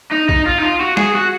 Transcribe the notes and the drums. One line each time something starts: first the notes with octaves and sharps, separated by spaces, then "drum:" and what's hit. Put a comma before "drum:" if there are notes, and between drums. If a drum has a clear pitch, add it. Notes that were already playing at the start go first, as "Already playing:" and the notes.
D#4
D#4, drum: kick
F4
D#4
F4
F#4
G#4, drum: snare
F#4